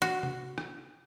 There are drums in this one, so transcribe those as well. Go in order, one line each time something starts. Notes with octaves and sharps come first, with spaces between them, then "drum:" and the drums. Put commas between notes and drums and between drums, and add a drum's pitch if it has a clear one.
F#4
drum: tom C3
drum: rim click